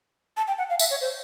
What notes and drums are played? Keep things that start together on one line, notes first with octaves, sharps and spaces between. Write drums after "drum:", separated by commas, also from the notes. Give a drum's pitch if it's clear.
A5
G5
F#5
F5
E5, drum: tambourine
C#5
C5